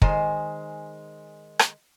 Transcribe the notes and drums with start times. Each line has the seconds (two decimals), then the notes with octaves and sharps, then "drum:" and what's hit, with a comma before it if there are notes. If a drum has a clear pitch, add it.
0.02 D#3 G#3 C5 G#5, drum: kick
1.59 drum: rim click